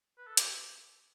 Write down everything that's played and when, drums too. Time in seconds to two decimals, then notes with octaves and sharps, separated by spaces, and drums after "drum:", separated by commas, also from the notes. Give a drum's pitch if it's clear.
0.18 B4
0.27 A4
0.37 G4, drum: hi-hat